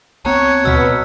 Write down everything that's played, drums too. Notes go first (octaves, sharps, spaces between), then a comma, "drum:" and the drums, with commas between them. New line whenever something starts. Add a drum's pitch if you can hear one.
C2 B3 C4 C#5 A5 A#5 F#6
B2 E6 F6 B6, drum: tom